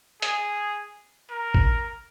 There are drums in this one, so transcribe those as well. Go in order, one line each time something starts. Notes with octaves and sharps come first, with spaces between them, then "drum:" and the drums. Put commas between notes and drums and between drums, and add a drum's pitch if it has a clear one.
G#4, drum: hi-hat
A#4
drum: kick